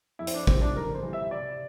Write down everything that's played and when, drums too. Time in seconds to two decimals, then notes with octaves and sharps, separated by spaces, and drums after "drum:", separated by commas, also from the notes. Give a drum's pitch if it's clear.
0.19 F2 E4
0.27 C4, drum: hi-hat
0.34 D4
0.47 E3 G3 C4, drum: kick A1
0.62 D4
0.76 F2 A#4
0.94 C5
1.03 E3 G3
1.13 E5
1.31 C3 D5